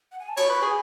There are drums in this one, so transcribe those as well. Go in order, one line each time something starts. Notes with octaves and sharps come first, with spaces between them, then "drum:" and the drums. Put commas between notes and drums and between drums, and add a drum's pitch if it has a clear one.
F#5
G#5
A5
C#5 B5, drum: cymbal
B4 C#6
G#4 B5